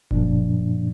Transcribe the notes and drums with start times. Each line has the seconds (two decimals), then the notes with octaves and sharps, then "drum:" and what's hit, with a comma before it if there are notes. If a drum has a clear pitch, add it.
0.11 F#2 A#2 F3 D4, drum: kick F1